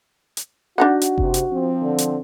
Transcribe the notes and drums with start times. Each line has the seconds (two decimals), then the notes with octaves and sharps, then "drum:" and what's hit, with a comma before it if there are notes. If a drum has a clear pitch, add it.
0.37 drum: hi-hat
0.78 D4 D#4 F#4 F#5
1.01 drum: hi-hat
1.18 C3, drum: kick F#1
1.34 drum: hi-hat
1.52 F3 C4
1.82 D3
1.98 drum: hi-hat